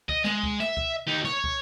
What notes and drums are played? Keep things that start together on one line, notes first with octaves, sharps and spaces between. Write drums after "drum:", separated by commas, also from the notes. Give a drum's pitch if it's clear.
D#5, drum: kick
G#3, drum: snare
drum: kick
E5, drum: snare
drum: kick
D#4 G4
C#5, drum: snare
drum: kick